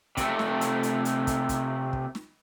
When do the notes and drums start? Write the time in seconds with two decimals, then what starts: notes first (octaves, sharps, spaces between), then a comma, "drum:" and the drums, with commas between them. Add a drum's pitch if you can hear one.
0.17 C3 A3, drum: kick, hi-hat
0.39 drum: snare
0.61 drum: hi-hat
0.83 drum: hi-hat
1.05 drum: hi-hat
1.27 drum: kick, hi-hat
1.49 drum: kick, hi-hat
1.93 drum: kick
2.15 drum: snare